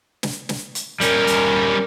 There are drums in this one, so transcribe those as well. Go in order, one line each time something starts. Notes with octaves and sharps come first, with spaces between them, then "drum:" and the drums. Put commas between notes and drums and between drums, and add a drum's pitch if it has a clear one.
drum: snare
drum: snare
drum: hi-hat
G3 C#4 A#4, drum: hi-hat
drum: hi-hat